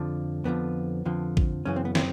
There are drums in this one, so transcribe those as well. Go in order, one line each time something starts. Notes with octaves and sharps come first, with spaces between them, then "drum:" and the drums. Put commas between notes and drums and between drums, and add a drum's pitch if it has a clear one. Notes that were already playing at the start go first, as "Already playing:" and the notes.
Already playing: F2 D3 F3
F2 D3 F3 B3
F2 D3 F3
drum: kick
F#2 C#3 E3 C#4
C4
B3
C4, drum: snare